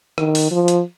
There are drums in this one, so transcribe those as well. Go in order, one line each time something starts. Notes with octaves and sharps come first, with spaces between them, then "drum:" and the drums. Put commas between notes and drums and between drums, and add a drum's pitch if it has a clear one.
D#3, drum: rim click
drum: open hi-hat
F3
drum: hi-hat